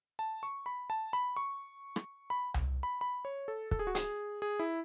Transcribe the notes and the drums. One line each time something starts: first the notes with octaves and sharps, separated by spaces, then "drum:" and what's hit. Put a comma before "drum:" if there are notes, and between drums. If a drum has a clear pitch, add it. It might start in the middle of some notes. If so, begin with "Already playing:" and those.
A5
C#6
B5
A5
B5
C#6
drum: rim click
B5
drum: tom C2
B5
B5
C#5
A4
A4, drum: kick
G#4
F#4
G#4, drum: hi-hat
G#4
E4